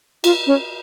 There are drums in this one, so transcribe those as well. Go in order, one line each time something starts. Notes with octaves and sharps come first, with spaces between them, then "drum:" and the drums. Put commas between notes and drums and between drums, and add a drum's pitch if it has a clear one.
F4, drum: cymbal
C#4